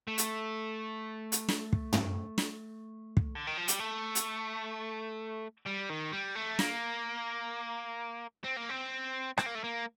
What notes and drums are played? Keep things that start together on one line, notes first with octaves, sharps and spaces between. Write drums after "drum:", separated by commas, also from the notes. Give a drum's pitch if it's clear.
A3
drum: hi-hat
drum: hi-hat
drum: snare
drum: kick
drum: tom
drum: snare
drum: kick
D3
D#3
F3
G3, drum: hi-hat
A3
drum: hi-hat
G3
D#3
G3
A3
A#3, drum: snare
C4
A#3
C4
C4, drum: rim click
A#3
A3
A#3